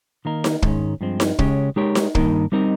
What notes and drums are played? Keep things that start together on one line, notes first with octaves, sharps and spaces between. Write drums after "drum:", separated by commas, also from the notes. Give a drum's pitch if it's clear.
D#3 A#3 D#4 A#4
drum: snare D#4
G#2 D#3 G#3 C#4, drum: kick
G2 F3 G#3 C4
drum: snare D#4
C#3 G#3 C#4 G4 C#5, drum: kick
G#3 D#4 G4 A#4 C#5
drum: snare D#4
G2 D#3 A#3 D#4 A#4, drum: kick
G3 C4 D#4 A#4 D#5